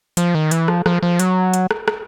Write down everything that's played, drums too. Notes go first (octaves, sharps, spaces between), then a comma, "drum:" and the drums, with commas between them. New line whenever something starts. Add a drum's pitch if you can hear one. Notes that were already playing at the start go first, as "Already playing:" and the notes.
F3, drum: hi-hat
D#3
E3, drum: hi-hat
F3, drum: rim click
F3, drum: rim click
F3
F#3, drum: hi-hat
drum: hi-hat
drum: rim click
drum: rim click